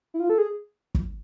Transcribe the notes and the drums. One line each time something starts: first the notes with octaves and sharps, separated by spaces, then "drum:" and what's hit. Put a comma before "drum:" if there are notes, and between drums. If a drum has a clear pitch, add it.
E4
F4
A4
G#4
drum: kick